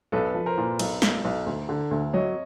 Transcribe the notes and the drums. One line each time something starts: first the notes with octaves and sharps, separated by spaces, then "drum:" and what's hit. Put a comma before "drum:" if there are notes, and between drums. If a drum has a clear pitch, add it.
B1 A4 B4
F3
A#4 C5
A#2
B1, drum: cymbal
B1, drum: snare
B1
D2
D3
D2
F#3 C#5 D#5